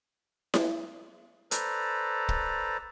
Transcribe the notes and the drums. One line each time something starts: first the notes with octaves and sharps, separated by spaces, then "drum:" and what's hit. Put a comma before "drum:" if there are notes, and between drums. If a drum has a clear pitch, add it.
drum: snare E4
A4 B4 C5 D5 A#5, drum: hi-hat
drum: kick